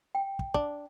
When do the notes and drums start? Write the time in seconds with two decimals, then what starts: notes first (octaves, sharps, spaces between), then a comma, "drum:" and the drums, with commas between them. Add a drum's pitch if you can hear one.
0.15 G5
0.39 drum: kick
0.54 D4, drum: kick